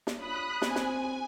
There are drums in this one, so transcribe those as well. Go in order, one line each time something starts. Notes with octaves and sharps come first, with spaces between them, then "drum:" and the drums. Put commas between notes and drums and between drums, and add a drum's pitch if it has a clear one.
drum: snare
D4 F4 C#5 B5 D#6 F#6
C4 G#5, drum: snare
drum: snare